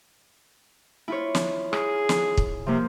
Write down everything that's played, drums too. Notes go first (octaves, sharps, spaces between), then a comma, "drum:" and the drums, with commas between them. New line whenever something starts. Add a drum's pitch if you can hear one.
E4 F4 C#5
drum: snare
G#4, drum: rim click
drum: snare
drum: kick
C3 F3 A#3